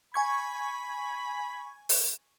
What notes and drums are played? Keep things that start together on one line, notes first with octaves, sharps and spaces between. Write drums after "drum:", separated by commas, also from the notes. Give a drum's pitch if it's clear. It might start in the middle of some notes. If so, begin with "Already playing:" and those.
G#5 B5 C#6 G#6
drum: open hi-hat